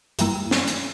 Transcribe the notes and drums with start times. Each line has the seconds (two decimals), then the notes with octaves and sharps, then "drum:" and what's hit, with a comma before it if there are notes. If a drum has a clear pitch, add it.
0.19 G2 E3 G3 A#3 E4, drum: hi-hat
0.51 drum: snare
0.67 drum: hi-hat